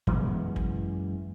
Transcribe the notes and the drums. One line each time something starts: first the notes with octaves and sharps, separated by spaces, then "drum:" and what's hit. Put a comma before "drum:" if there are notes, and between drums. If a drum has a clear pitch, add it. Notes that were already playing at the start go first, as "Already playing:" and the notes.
F#2 E3 G#3 B3, drum: kick
drum: kick